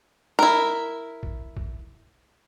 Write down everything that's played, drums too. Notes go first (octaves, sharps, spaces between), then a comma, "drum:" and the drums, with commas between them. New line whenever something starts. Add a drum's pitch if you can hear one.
E4 A#4
drum: kick A#1
drum: kick A#1